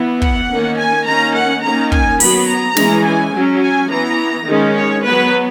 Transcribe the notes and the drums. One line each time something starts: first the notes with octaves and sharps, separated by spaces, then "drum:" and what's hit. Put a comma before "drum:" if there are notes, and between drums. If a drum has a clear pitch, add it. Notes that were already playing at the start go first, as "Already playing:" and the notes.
Already playing: E3 B3
F#5, drum: kick
D#3 A#3 C#4
G#5
D#3 A#3 C#4 A#5
F#5
D#3 A#3 C#4 A#5
G#5, drum: kick
F#3 B3 B5, drum: open hi-hat
A#5
E3 G#3 C#4, drum: snare
G#5
F#3 C#4
G#5
E3 B3 A#5
D#3 G#3 C#4
C#5
F#3 B3 B4